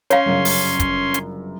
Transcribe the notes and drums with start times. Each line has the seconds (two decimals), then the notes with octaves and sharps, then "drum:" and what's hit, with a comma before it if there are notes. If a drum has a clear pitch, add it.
0.10 C#4 C#5 F5 C6, drum: hi-hat
0.26 G1 F#2 C#3
0.45 drum: open hi-hat
0.80 drum: kick, hi-hat
1.14 drum: hi-hat